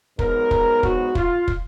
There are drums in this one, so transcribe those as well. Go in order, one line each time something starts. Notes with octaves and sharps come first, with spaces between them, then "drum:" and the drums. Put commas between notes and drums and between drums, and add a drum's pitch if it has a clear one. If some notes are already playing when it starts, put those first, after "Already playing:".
G#2 F#3 B3 A#4, drum: kick
drum: kick
F#4, drum: kick
F4, drum: kick
drum: kick